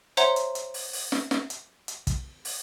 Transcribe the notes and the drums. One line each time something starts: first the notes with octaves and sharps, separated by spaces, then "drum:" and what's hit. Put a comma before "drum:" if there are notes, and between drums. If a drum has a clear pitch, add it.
C5 C#5 E5 F#5 A#5 C6, drum: hi-hat
drum: hi-hat
drum: hi-hat
drum: open hi-hat
drum: open hi-hat
drum: snare
drum: snare
drum: hi-hat
drum: hi-hat
drum: kick, hi-hat
drum: open hi-hat